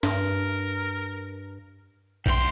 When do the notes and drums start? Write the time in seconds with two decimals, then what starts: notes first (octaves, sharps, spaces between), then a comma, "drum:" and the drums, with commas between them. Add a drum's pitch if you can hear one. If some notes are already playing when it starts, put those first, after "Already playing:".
0.03 G2 A#4, drum: snare
2.26 D2 G5 C6, drum: kick A#1